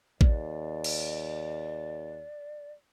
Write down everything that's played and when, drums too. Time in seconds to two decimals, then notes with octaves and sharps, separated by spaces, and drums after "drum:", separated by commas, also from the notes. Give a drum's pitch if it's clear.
0.21 D#2 D5, drum: kick A1
0.84 drum: cymbal